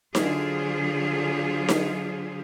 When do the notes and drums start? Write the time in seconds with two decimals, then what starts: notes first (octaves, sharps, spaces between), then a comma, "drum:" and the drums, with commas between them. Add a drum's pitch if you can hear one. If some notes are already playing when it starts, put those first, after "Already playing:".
0.15 D3 F#3 F4 G#4 C5, drum: snare D#4
1.68 drum: snare D#4